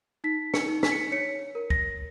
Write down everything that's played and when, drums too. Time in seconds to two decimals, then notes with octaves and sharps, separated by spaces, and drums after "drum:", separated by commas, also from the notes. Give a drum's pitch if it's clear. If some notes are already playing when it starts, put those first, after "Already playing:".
0.24 D#4 B6
0.54 C#7, drum: snare
0.68 D#4
0.83 B6, drum: snare
0.92 C#7
1.00 B6
1.12 C#5 C#7
1.55 A#4
1.70 A#6, drum: kick C#2